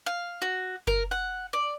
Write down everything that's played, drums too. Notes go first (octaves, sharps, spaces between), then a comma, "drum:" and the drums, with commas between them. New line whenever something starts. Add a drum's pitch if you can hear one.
F5
F#4
A#4, drum: kick F#1
F#5
D5